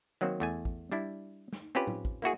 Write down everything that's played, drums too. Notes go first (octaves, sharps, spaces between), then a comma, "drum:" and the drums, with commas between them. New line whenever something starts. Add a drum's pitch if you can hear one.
D#3 F#3 A#3 C4
E2 A3 G#5
drum: kick
G3 D4 E4
drum: snare
C4 C#4 F4 G4 B4
drum: tom
drum: kick
A#3 E4 F#4 G#4